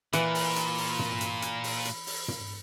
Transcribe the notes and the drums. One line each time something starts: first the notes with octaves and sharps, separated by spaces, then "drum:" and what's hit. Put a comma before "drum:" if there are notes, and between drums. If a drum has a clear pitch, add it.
A#2 E3 F#5 B5, drum: hi-hat
drum: open hi-hat
drum: hi-hat
drum: open hi-hat
drum: tom
drum: hi-hat
drum: hi-hat
drum: open hi-hat
drum: hi-hat
drum: open hi-hat
drum: tom